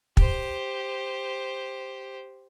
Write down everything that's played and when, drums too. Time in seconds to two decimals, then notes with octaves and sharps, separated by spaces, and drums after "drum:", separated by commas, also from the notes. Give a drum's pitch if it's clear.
0.17 G4 C5, drum: kick